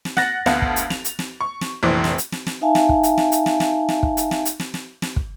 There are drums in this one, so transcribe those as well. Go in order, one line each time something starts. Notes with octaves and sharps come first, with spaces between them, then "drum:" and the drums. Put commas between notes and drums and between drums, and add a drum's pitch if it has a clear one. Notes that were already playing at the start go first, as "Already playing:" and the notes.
drum: snare
F#5 F#6 A6 A#6, drum: snare
D2 B3 F5 F#5 A5, drum: snare
drum: kick
drum: hi-hat
F7, drum: snare
drum: hi-hat
drum: snare
C#6
drum: snare
F1 A#1 E3 C5
drum: snare
drum: hi-hat
drum: snare
drum: snare
D#4 E5 F5 G#5 A5
drum: snare
drum: kick
drum: hi-hat
drum: snare
drum: hi-hat
drum: snare
drum: snare
drum: snare
drum: kick
drum: hi-hat
drum: snare
drum: hi-hat
drum: snare
drum: snare
drum: snare
drum: kick